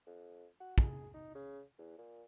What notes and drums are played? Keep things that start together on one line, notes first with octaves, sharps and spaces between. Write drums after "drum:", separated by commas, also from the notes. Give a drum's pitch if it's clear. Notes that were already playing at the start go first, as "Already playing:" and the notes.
F2
F#4
G#4, drum: kick
D#4
C#3
E2
A#2